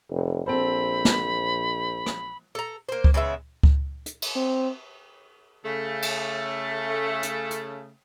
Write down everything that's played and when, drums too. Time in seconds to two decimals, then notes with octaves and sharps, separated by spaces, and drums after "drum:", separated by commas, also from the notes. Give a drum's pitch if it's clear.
0.11 F1
0.46 A#1 C4 A4 C5 B5
1.05 drum: snare
2.06 drum: rim click
2.55 A4 A#5
2.89 A#3 C5
3.04 drum: kick C#2
3.14 C#3 G#3 B3 E5
3.63 drum: kick C#2
4.06 drum: hi-hat
4.22 drum: cymbal
4.36 C4
5.64 C#3 A3
6.02 drum: cymbal
7.23 drum: hi-hat
7.51 drum: hi-hat